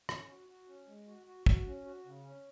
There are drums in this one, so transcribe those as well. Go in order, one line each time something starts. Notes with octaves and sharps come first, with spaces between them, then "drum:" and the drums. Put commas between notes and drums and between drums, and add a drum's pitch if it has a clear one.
C#4, drum: rim click
F#4
F#4
C#4
G#3
F#4
F#4
F#4, drum: kick
C#4
F#4
C#3
C#4